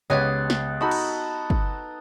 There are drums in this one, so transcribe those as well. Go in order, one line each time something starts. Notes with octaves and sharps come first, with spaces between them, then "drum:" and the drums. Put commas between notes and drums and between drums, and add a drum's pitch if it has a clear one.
C#2 B3 G4 C#5 D#5 D#6 F#6 A6
drum: snare
D#4 F#4 A4 B5
drum: cymbal
drum: kick